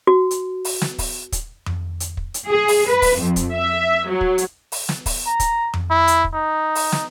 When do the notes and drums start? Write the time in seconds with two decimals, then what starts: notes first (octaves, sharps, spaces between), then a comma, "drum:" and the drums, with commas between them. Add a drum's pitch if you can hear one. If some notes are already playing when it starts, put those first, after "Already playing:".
0.07 F#4
0.31 drum: hi-hat
0.65 drum: open hi-hat
0.82 drum: snare
0.98 drum: kick, open hi-hat
1.32 drum: kick, hi-hat
1.66 drum: tom F2
2.00 drum: hi-hat
2.17 drum: kick
2.34 drum: hi-hat
2.48 G#4
2.68 drum: open hi-hat
2.89 B4
3.02 drum: kick, open hi-hat
3.19 F2
3.36 drum: kick, hi-hat
3.55 E5
4.08 F#3
4.21 drum: kick
4.38 drum: hi-hat
4.72 drum: open hi-hat
4.89 drum: snare
5.06 drum: kick, open hi-hat
5.26 A#5
5.40 drum: kick, hi-hat
5.74 drum: tom F2
5.91 E4
6.07 drum: hi-hat
6.24 drum: kick
6.34 D#4
6.75 drum: open hi-hat
6.92 drum: snare